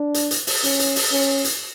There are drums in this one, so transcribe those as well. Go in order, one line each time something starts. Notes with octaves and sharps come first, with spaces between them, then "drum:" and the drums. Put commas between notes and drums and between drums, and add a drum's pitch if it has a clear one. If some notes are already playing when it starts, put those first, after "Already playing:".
Already playing: D4
drum: hi-hat
drum: hi-hat
drum: open hi-hat
C#4, drum: hi-hat
drum: hi-hat
drum: open hi-hat
C#4
drum: hi-hat